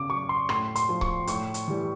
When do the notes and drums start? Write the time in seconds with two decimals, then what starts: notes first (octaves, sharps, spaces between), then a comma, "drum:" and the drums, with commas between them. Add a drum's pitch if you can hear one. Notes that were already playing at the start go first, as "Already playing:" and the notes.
Already playing: C#3 D6
0.10 F#3 C#6
0.29 C6
0.49 A2 C6, drum: rim click
0.76 C6, drum: hi-hat
0.89 F3
1.01 C#6, drum: kick C#1
1.27 A2 C#6, drum: hi-hat
1.54 drum: hi-hat
1.68 E3 G3